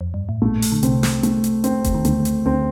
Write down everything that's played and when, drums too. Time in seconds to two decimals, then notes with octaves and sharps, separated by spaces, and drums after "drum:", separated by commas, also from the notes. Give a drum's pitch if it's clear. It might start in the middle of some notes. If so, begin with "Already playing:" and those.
0.01 F2
0.14 G2
0.29 A2
0.42 A#1 A#2 A3
0.62 drum: open hi-hat
0.72 D3
0.83 C2 C3 C4, drum: hi-hat
1.03 drum: snare
1.23 A3, drum: hi-hat
1.44 drum: hi-hat
1.64 C4, drum: hi-hat
1.84 drum: kick F1, hi-hat
1.95 D#3
2.05 D2 D3 A3, drum: hi-hat
2.25 drum: hi-hat
2.46 D2 D3 C4